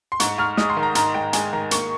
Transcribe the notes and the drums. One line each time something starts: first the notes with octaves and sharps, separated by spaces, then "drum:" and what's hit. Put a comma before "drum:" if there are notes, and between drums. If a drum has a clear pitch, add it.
C6
G#2 C#6, drum: hi-hat
G#2 F6
G#3 D#6, drum: snare
C6
D#3
A#5
G#2 A#5, drum: hi-hat
G#2 G5
G#3 G#5, drum: hi-hat
D#3 A#5
A#3 C#6, drum: hi-hat